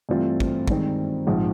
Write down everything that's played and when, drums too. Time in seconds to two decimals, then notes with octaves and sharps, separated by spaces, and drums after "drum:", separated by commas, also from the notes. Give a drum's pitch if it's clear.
0.09 G2 E3 A3 C4 F4
0.40 drum: kick
0.68 G2 D#3 G#3 C4, drum: kick
1.27 A#1 G#2 F3